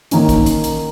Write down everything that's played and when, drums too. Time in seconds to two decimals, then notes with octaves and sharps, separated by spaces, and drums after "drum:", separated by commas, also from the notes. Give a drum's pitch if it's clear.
0.11 D#3 A#3 C#4, drum: hi-hat
0.29 drum: kick, hi-hat
0.46 drum: hi-hat
0.64 drum: hi-hat